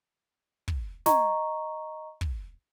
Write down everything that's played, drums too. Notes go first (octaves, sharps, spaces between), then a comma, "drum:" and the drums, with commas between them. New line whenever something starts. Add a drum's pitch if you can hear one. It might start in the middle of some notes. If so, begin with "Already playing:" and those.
drum: kick
D#5 A#5 C#6, drum: snare
drum: kick